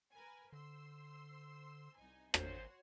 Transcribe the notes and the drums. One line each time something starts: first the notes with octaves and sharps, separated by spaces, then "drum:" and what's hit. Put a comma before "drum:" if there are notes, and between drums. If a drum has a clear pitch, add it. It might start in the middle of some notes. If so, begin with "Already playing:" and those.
A#4 B4 G#5
D3 C5 C6 E6
C2 D#4 G#5
G#1 F#2 A#2 F#4 C5 C#5 C6, drum: rim click